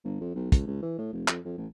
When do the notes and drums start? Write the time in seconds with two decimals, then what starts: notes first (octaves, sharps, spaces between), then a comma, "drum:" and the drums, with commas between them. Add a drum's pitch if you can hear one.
0.05 G1
0.21 F2
0.35 B1
0.52 C#2, drum: kick, hi-hat
0.67 C#2
0.82 E3
0.98 A2
1.13 F1
1.28 F2, drum: clap
1.45 F2
1.57 A1